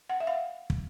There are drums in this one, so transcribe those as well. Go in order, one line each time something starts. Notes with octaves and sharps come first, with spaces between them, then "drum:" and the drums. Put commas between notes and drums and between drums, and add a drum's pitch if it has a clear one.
F#5
E5
F5
drum: kick